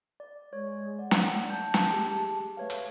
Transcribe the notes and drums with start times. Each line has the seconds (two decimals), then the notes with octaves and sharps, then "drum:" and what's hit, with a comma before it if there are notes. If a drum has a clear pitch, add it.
0.20 D5
0.53 G#3 C#5
0.99 D5 F#5
1.11 drum: snare
1.50 A5 G6
1.74 drum: snare
1.92 G4 G#4
2.57 A3 B4 C#5 F5
2.70 drum: hi-hat